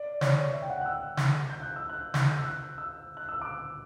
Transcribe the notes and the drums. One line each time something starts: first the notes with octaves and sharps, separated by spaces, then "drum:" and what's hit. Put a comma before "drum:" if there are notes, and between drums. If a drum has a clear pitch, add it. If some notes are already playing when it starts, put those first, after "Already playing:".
Already playing: D5
C#5, drum: snare
E5
G5
F#5
F#6
E6
drum: snare
G6
F#6
E6
F#6
G6, drum: snare
E6
F#6
E6
F#6
E6
D6